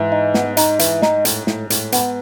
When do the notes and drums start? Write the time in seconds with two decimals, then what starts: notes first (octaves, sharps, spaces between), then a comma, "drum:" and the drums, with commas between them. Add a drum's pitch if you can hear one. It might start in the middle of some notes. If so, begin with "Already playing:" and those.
Already playing: G#2 E3
0.12 D#4
0.34 B3, drum: snare
0.57 D#4, drum: hi-hat
0.79 E3, drum: hi-hat
1.02 D#4, drum: snare
1.25 A2, drum: hi-hat
1.47 A2, drum: snare
1.70 A2, drum: hi-hat
1.92 B3, drum: hi-hat